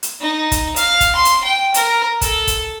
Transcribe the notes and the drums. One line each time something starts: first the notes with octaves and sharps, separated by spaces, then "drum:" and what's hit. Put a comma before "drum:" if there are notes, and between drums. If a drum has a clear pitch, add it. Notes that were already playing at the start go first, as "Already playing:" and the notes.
drum: hi-hat
D#4
drum: kick, hi-hat
F5, drum: hi-hat
drum: kick, hi-hat
C6
drum: hi-hat
G5
A#4, drum: hi-hat
A4, drum: kick, hi-hat
drum: kick, hi-hat